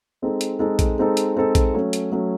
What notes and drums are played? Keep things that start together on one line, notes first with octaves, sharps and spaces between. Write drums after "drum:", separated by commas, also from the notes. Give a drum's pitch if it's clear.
G#3 C4 D#4 A4
drum: hi-hat
G#3 C4 D#4 A4
drum: kick A#1, hi-hat
G#3 C4 D#4 A4
drum: hi-hat
G#3 C4 D#4 A4
drum: kick A#1, hi-hat
F#3 A3 C#4
drum: hi-hat
F#3 A3 C#4